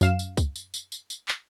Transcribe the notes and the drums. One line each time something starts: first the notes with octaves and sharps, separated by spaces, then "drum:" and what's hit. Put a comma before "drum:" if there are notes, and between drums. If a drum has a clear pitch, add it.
F#2 F5 E7, drum: tambourine
drum: tambourine
drum: kick, tambourine
drum: tambourine
drum: tambourine
drum: tambourine
drum: tambourine
drum: clap